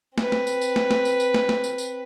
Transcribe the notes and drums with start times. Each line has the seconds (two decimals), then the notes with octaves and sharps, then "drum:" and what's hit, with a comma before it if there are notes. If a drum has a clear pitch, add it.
0.18 C4 B4, drum: snare
0.32 drum: snare
0.47 drum: tambourine
0.61 drum: tambourine
0.76 drum: snare
0.91 drum: snare
1.05 drum: tambourine
1.20 drum: tambourine
1.34 drum: snare
1.49 drum: snare
1.64 drum: tambourine
1.78 drum: tambourine